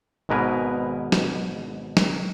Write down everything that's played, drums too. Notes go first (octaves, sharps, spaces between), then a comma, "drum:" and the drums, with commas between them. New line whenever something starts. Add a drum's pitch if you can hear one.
G#1 G#2 B2 A#4 B4 G#5
drum: snare
drum: snare